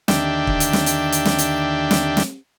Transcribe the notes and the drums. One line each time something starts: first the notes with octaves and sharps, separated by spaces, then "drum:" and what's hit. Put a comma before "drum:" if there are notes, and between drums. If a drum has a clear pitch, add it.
D#2 D3 D4 G4 E5 G5, drum: snare
drum: kick
drum: hi-hat
drum: snare
drum: hi-hat
drum: hi-hat
drum: snare
drum: hi-hat
drum: snare
drum: snare